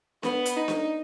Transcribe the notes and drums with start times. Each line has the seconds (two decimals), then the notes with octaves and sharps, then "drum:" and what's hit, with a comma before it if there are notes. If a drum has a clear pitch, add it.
0.23 B3, drum: snare D4
0.45 drum: hi-hat
0.57 D#4
0.68 drum: snare D4